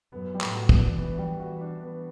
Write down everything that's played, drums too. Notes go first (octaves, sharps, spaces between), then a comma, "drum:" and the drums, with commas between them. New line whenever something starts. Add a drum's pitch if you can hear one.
F#2 B3
G3
A2, drum: clap
F#4
E3, drum: kick
D4
E3 B3
G3
E3 F#4
D4
B3